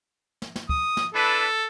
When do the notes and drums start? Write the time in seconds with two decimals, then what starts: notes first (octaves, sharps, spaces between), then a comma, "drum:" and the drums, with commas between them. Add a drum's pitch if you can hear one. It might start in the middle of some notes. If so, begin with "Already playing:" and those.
0.42 drum: snare
0.56 drum: snare
0.69 D#6, drum: kick
0.97 drum: snare
1.14 D4 E4 A4 B4